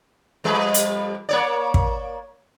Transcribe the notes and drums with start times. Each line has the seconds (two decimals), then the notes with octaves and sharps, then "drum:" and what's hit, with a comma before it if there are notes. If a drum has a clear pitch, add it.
0.44 F2 G3 B4
0.74 drum: hi-hat
1.29 A#3 C#5 D5
1.74 drum: kick